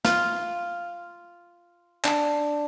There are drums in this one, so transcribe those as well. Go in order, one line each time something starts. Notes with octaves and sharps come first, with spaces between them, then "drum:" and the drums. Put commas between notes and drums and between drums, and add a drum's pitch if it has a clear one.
F4, drum: snare
D4, drum: clap